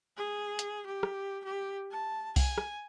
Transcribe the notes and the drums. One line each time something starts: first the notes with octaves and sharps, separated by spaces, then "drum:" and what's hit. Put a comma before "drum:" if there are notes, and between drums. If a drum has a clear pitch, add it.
G#4
drum: hi-hat
G4
drum: rim click
G4
A5
G#5, drum: kick C2, open hi-hat
drum: rim click